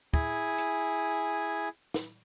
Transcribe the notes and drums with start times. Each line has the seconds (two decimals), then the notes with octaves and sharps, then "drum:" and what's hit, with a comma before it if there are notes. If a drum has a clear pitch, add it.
0.14 E4 G#4 G#5, drum: kick
0.58 drum: hi-hat
1.94 drum: snare